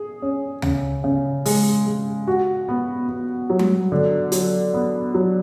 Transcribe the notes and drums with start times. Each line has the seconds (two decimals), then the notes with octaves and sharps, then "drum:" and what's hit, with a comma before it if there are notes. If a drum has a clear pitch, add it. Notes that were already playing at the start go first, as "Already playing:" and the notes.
Already playing: G#4
0.22 C#4
0.62 C#3, drum: tom D2
1.04 C#3
1.45 G#3, drum: open hi-hat
1.86 G#3
2.28 F#4
2.68 B3
3.09 B3
3.50 F#3
3.59 drum: tom G3
3.92 D3
4.32 F#3, drum: hi-hat
4.74 B3
5.14 F#3